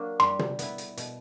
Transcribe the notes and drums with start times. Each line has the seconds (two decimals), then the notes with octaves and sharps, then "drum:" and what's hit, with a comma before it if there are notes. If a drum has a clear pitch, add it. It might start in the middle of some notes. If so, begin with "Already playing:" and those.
Already playing: F#3 A#3 D4 F#4
0.20 G3 C6, drum: rim click
0.39 drum: tom
0.59 B3 E4, drum: hi-hat
0.78 drum: hi-hat
0.97 B2, drum: hi-hat